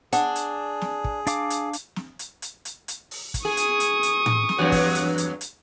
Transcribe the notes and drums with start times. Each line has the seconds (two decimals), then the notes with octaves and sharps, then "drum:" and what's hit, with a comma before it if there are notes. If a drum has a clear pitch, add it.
0.13 D4 G#4 F#5, drum: hi-hat
0.36 drum: hi-hat
0.81 drum: snare
1.04 drum: kick
1.27 D4 F5 D6, drum: hi-hat
1.50 drum: hi-hat
1.73 drum: hi-hat
1.96 drum: snare
2.19 drum: hi-hat
2.42 drum: hi-hat
2.65 drum: hi-hat
2.88 drum: hi-hat
3.11 drum: open hi-hat
3.34 drum: kick, hi-hat
3.45 G#4 C#6 D#6
3.57 drum: hi-hat
3.80 drum: hi-hat
4.03 drum: hi-hat
4.26 drum: tom A2
4.49 drum: snare
4.58 E2 G2 F#3
4.72 drum: kick, open hi-hat
4.95 drum: hi-hat
5.18 drum: hi-hat
5.41 drum: hi-hat